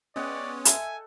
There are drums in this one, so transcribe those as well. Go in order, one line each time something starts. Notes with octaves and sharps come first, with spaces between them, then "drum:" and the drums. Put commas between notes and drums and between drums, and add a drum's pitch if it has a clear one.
G#3 B3 C#4 D5 F#5 G5 C#6
A4 E5 G#5, drum: hi-hat